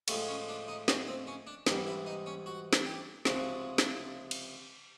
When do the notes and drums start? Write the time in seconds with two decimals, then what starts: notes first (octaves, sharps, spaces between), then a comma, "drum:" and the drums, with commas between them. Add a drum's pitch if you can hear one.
0.08 A2 F3 G#3 C#4, drum: cymbal
0.28 C#4
0.48 D4
0.68 D#4
0.88 C#4, drum: snare
1.07 C4
1.27 C#4
1.47 D4
1.66 G#2 E3 G3 D#4, drum: snare
1.86 E4
2.06 D#4
2.26 C#4
2.46 F#4
2.73 drum: snare
2.86 G4
3.25 C#2 C3 F3 G#3 F#4, drum: snare
3.78 drum: snare
4.31 drum: cymbal